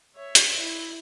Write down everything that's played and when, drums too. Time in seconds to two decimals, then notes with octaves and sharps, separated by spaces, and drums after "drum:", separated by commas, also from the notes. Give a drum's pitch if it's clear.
0.15 C#5 E5
0.35 drum: hi-hat
0.57 E4